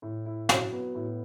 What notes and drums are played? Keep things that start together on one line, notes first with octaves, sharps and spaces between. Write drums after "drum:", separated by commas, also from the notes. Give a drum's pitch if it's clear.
A2
E4
F#3, drum: snare
B3
A2